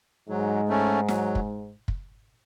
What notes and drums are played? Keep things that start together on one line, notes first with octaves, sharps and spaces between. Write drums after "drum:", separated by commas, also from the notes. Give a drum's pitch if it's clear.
G#2 F#3
A3 C#4
F#3, drum: snare
drum: kick
drum: kick